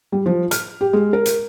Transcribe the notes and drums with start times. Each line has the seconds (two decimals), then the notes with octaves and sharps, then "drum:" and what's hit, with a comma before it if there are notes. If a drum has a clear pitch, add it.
0.12 G3
0.26 F3
0.51 F6, drum: hi-hat
0.81 G4
0.93 G#3
1.13 A#4
1.26 drum: hi-hat